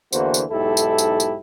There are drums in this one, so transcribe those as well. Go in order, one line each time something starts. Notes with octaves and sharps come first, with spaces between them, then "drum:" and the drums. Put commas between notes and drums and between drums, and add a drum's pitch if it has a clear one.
E2 D3 E3 A#3 F#4 C5, drum: tambourine
drum: tambourine
B1 G#2 E4 G4 A4
drum: tambourine
drum: tambourine
drum: tambourine